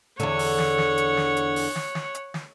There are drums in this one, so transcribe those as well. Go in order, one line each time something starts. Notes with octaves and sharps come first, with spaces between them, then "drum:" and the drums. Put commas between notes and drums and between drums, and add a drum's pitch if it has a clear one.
E2 D3 C#5 F#5, drum: hi-hat
drum: open hi-hat
drum: snare
drum: snare
drum: hi-hat
drum: snare
drum: hi-hat
drum: open hi-hat
drum: snare
drum: snare
drum: hi-hat
drum: snare